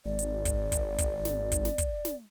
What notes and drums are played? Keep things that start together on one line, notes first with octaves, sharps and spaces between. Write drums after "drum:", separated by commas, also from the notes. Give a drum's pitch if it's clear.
G#1 D5
drum: hi-hat
drum: kick, hi-hat
drum: kick, hi-hat
drum: kick, hi-hat
drum: snare
drum: kick, hi-hat
drum: snare
drum: kick, hi-hat
drum: snare